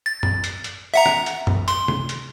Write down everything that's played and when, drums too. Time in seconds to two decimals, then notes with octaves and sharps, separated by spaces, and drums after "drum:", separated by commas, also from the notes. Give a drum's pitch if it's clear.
0.06 A6
0.23 drum: tom
0.44 drum: hi-hat
0.64 drum: hi-hat
0.94 E5 F#5 A#5
1.06 drum: rim click
1.26 drum: hi-hat
1.47 drum: tom
1.68 C6, drum: hi-hat
1.88 drum: tom C3
2.09 drum: hi-hat